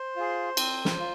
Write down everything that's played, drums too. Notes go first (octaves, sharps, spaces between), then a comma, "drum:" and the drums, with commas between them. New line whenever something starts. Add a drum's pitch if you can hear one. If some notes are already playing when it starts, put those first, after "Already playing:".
Already playing: C5
F4 G#4
C4, drum: cymbal
drum: snare
F4